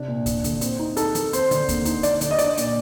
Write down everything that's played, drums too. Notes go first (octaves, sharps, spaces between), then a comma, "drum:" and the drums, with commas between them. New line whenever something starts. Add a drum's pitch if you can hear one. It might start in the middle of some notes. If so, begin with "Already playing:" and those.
Already playing: C3 D4
A#2
D4, drum: kick D2, hi-hat
D3, drum: hi-hat
C4, drum: hi-hat
D#4
D#4 A4, drum: hi-hat
D#3, drum: hi-hat
C4 C5, drum: hi-hat
D3, drum: hi-hat
A#3, drum: kick D2, hi-hat
D#4, drum: hi-hat
D4 D5, drum: hi-hat
D3, drum: hi-hat
D#5
D4 D5, drum: hi-hat
A#2, drum: hi-hat